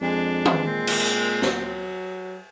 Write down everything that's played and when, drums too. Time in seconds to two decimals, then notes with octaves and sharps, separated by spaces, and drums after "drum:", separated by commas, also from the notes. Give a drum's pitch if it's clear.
0.02 F2 G#3 D4
0.45 drum: tom
0.67 A#2 C4
0.87 drum: cymbal
1.05 drum: hi-hat
1.42 F#3, drum: snare